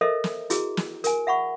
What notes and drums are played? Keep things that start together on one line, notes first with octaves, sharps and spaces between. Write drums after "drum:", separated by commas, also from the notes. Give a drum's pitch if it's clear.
A4 A#4 C5 D#5 E5
drum: snare
E4 F#4 G#4, drum: hi-hat
drum: snare
A#4 G#5, drum: hi-hat
E5 F#5 B5 C#6